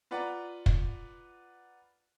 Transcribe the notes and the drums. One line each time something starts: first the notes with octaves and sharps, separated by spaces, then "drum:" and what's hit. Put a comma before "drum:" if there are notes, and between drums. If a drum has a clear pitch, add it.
F4 B4 D5 F#5 A#5
drum: kick